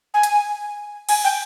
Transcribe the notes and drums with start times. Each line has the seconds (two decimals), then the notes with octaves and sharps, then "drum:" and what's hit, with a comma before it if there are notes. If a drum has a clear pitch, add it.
0.14 G#5
0.23 drum: hi-hat
1.09 G#5, drum: cymbal
1.24 G5